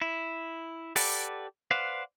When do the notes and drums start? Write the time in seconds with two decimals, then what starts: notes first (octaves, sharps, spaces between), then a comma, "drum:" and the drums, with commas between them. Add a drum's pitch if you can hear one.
0.02 E4
0.96 G4 A4 B4 D5 F#5, drum: open hi-hat
1.71 B4 C5 D5 F5 F#5